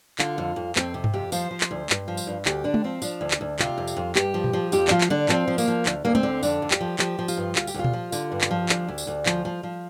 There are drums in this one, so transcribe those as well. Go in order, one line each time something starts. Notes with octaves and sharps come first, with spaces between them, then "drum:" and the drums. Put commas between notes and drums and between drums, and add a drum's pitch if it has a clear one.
D3 F4, drum: clap
F2
F2
F2 C4, drum: clap
C3
drum: tom G2
F2 G4
F3 C5, drum: tambourine
F3
drum: clap
D2
G2, drum: clap
F3
drum: tambourine
G2
D2 G4, drum: clap
D3 D4
drum: tom G#3
F3 C4
F3 D4, drum: tambourine
D2
drum: clap
D2
C3 F4, drum: clap
F2
drum: tambourine
F2
G2 G4, drum: clap
F3
drum: tom A#2
F3
F2 G4, drum: tambourine
D4, drum: clap
F3 F4
drum: clap
D3 D4
F3 C4, drum: clap
F3
A#3, drum: tambourine
F3
D2, drum: clap
D2 A#3
C4, drum: tom G#3
D3
F2 D4, drum: tambourine
F2
G4, drum: clap
F3
F3 G4, drum: clap
F3
F4, drum: tambourine
G2
D2 F4, drum: clap
G4, drum: tambourine
D2 F4
drum: tom A#2
F3
D3, drum: tambourine
G2
drum: clap
F3
D2 D4, drum: clap
D2
drum: tambourine
D2
F3, drum: clap
F3
F3